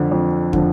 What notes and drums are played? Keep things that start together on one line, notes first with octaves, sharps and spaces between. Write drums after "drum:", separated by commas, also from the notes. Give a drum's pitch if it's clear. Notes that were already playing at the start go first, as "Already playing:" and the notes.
Already playing: F2 D3 F3
F2
D3 F3, drum: kick